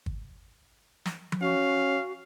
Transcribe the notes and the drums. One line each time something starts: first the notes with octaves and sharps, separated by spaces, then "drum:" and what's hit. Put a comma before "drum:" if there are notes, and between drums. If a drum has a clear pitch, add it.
drum: kick
drum: snare
drum: tom F3
C#4 F#4 F5